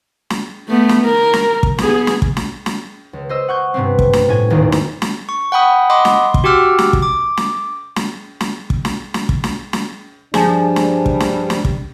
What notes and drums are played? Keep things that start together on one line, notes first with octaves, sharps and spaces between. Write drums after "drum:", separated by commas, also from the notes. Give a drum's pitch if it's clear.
drum: snare
A3 B3
drum: snare
A#4
drum: snare
drum: kick
B3 G#4, drum: snare
drum: snare
drum: kick
drum: snare
drum: snare
C#2
C5 D#5 E6
F#5 C#6 G6
G2 C3 B3 C4
drum: kick
drum: snare
A2 C#4 G#5
D#1 G#1 D#2 G#4
drum: snare
drum: snare
C#6
F#5 G5 B5 D#6
D#5 F#5 B5 C6 D6 D#6
drum: snare
C6
drum: kick
F#4 G4 G5 D6 E6 F6
drum: snare
drum: kick
D6
drum: snare
drum: snare
drum: snare
drum: kick
drum: snare
drum: snare
drum: kick
drum: snare
drum: snare
G2 F3 D4 G#4 G#5 A5, drum: snare
drum: snare
drum: kick
drum: snare
drum: snare
drum: kick